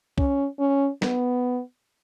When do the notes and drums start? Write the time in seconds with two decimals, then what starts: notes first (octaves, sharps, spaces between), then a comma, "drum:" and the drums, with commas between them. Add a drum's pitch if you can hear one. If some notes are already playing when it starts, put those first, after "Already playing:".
0.18 C#4, drum: kick C2
0.59 C#4
1.02 B3, drum: snare